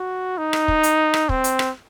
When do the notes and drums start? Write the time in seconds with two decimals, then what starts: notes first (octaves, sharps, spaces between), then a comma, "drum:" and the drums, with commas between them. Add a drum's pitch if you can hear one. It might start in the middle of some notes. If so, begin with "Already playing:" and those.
Already playing: F#4
0.38 D#4
0.53 drum: rim click
0.68 drum: kick
0.83 drum: hi-hat
1.14 drum: rim click
1.29 C4, drum: kick
1.44 drum: hi-hat
1.59 drum: rim click